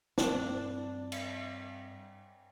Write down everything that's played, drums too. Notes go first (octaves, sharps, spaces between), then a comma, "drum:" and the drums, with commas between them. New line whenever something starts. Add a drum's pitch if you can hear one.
G2 C4 D4, drum: snare
drum: cymbal